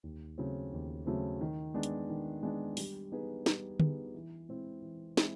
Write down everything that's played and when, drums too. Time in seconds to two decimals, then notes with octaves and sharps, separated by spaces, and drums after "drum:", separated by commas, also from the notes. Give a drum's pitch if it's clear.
0.03 D#2
0.38 C#3 F#3 A3 C4
0.73 D#2
1.06 C#3 F#3 A3 C4
1.41 D#3
1.74 G#3 B3 D4
1.83 drum: hi-hat
2.09 D#3
2.43 G#3 B3 D4
2.77 G3, drum: open hi-hat
3.12 B3 D#4 G#4 B4
3.46 G3, drum: snare
3.80 B3 D#4 G#4 B4, drum: tom D3
4.14 E3
4.49 G#3 C4 E4
4.82 E3
5.17 G#3 C4 E4, drum: snare